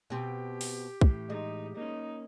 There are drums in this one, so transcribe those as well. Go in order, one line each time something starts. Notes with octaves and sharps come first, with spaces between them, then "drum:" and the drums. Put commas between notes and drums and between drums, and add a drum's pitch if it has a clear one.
B2 C4 G4
drum: open hi-hat
A2 E3, drum: kick
G#3 D#4
A#3 C#4 D#4